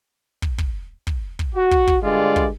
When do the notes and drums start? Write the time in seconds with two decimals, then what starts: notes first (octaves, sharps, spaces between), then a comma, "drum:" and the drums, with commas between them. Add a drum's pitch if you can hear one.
0.42 drum: kick
0.58 drum: kick
1.07 drum: kick
1.39 drum: kick
1.55 F#4
1.71 drum: kick
1.87 drum: kick
2.03 G2 D3 G#3 F4 D5
2.36 drum: kick